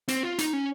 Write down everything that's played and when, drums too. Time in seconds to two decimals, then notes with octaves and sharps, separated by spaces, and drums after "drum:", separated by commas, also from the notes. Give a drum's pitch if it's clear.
0.08 C4, drum: hi-hat
0.23 F4
0.39 D#4, drum: hi-hat
0.53 C#4